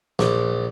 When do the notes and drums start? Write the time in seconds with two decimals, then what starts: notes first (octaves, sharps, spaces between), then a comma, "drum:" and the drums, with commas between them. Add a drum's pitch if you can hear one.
0.19 A#1, drum: snare